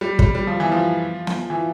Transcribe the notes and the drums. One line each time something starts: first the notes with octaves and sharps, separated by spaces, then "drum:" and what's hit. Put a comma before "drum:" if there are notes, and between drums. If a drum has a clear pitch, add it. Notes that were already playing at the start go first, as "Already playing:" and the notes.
G3
G3, drum: kick
G3
F3
E3
F3
drum: snare
E3